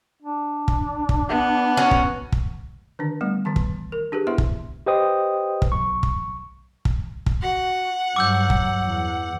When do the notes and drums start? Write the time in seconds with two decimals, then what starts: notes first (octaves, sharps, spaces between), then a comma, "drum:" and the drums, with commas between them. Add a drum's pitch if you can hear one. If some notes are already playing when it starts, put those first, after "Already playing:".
0.23 D4
0.68 drum: kick
1.09 drum: kick
1.30 B3
1.77 C#4 F#4
1.91 drum: kick
2.32 drum: kick
2.99 D3 D#3 D4
3.21 G3 A3 B3
3.45 D#3 E3 A5
3.56 drum: kick
3.92 A#4
4.12 D4 G4 G#4 B4
4.27 B3 E4 C5 E5 C6
4.38 drum: kick
4.86 G4 B4 C5 D#5 G5 D#6
5.62 drum: kick
5.72 B1 C#6
6.03 drum: kick
6.85 drum: kick
7.26 drum: kick
7.42 F#4 F#5
8.16 G2 F#3 D6 E6 G6
8.50 drum: kick
8.83 E2